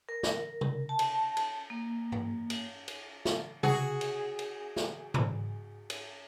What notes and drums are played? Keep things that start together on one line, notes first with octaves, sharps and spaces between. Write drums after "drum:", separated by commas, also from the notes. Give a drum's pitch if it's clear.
A#4
drum: snare
drum: tom C3
A5
drum: cymbal
drum: cymbal
A#3
drum: tom G2
drum: cymbal
drum: cymbal
drum: snare
F#4 G#4, drum: tom C3
drum: cymbal
drum: cymbal
drum: snare
drum: tom G#2
drum: cymbal